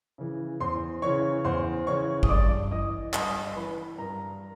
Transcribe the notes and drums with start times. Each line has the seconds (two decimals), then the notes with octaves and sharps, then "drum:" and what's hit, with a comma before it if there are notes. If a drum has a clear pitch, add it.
0.18 C#3 E3
0.60 E2 C5 C6
1.02 C#3 E3 C#5 C#6
1.44 E2 C5 C6
1.87 C#3 E3 C#5 C#6
2.23 D#6, drum: kick G#1
2.29 G2 D5 D6
2.71 E3 D#5 D#6
3.14 G2 D#5 D#6, drum: clap
3.56 E3 B4 B5
3.98 G2 A#4 A#5